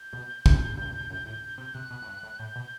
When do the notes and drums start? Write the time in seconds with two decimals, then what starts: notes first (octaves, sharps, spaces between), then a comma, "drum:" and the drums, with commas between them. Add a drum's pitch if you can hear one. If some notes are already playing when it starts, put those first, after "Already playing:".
Already playing: G6
0.13 B2
0.46 A2, drum: kick
0.77 G2
1.10 F#2
1.26 A2
1.58 C3
1.74 C3 F#6
1.91 B2
2.02 A2
2.07 G2
2.23 A2
2.39 A2 G6
2.55 B2